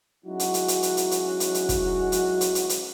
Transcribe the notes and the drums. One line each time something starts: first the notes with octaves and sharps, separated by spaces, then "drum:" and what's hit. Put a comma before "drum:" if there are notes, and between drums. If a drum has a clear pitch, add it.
F#3 G#3 C#4 D#4 E4 F#4
drum: hi-hat
drum: hi-hat
drum: hi-hat
drum: hi-hat
drum: hi-hat
drum: hi-hat
drum: hi-hat
drum: hi-hat
drum: kick, hi-hat
drum: hi-hat
drum: hi-hat
drum: hi-hat
drum: hi-hat